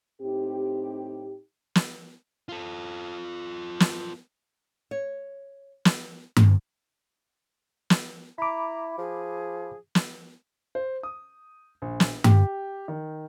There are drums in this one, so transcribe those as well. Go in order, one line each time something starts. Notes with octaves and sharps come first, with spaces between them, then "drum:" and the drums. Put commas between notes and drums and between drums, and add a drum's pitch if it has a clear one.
A2 C4 D#4 G4
drum: snare
F4 A4
drum: snare
C#5
drum: snare
drum: tom G2
drum: snare
E4 A#5 B5 D6
F3 G#4
drum: snare
C5
D#6
A#1
drum: snare
G4, drum: tom G2
D#3